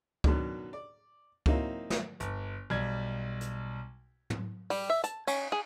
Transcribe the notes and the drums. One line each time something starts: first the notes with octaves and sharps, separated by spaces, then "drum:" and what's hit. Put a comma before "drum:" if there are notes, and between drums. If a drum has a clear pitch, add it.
F#2 B2 D#3 D4, drum: kick C#2
D5
F#3 A#3 C4 D#4 E4, drum: kick C#2
drum: snare
G1, drum: hi-hat
B1 G3 G#6
drum: hi-hat
drum: tom
G3, drum: open hi-hat
E5
A5, drum: hi-hat
C#4, drum: cymbal
G#4